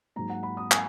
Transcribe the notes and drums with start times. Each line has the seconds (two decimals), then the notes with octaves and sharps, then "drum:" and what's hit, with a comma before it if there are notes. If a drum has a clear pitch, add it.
0.16 G#2 F#3 A#3 A#5
0.30 F#5
0.43 B5
0.57 D#6
0.71 G#5, drum: clap